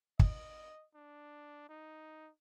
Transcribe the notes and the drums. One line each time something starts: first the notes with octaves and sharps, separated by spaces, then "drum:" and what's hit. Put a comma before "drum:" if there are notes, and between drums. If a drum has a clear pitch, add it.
D#5, drum: kick
D4
D#4